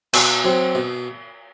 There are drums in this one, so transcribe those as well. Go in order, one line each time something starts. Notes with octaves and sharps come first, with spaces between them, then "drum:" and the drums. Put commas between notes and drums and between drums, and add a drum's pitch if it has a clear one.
B2, drum: cymbal
F#3 C4 F#4
B2